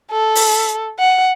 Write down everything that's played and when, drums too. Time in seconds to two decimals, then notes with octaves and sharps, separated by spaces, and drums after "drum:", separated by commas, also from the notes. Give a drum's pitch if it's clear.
0.12 A4
0.35 drum: open hi-hat
1.00 F#5